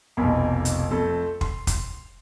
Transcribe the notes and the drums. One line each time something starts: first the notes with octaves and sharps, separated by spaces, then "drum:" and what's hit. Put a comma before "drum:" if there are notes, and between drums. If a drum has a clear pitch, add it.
F1 B1 F2 A#3 G#5 B5
drum: hi-hat
F2 A3 C4 A4
C6, drum: kick
drum: kick, hi-hat